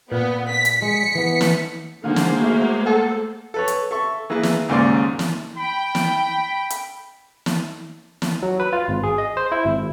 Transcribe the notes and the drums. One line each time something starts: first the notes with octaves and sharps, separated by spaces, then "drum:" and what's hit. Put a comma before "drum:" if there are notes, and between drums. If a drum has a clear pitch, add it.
A#2 B3
B6
drum: hi-hat
G#3 B6 C#7
E3 B3
drum: snare
D3 D#3 G#3 A#3 C5 F5 F#5 G#5
drum: snare
A3 F#4 E5
A4 F#5
A4 B4 C#5
drum: hi-hat
A4 E5 C#6
E3 A#3 E4 G#4 B4
drum: snare
D#2 G#2 C#3 A#3 D5 C6
drum: snare
G5 B5
drum: snare
drum: hi-hat
drum: snare
drum: snare
F#3
B4
F4
G#1
G#4
D#5
C5
E4
G#1